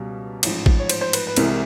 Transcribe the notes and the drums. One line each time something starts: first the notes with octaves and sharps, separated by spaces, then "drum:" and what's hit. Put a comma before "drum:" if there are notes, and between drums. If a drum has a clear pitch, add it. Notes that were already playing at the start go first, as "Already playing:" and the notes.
Already playing: C#2 B2 G3
A1 G#2 F3, drum: cymbal
drum: kick A1
C#5
C5, drum: cymbal
C5
B4, drum: cymbal
B4
C2 C3 E3 G#3 A#4, drum: cymbal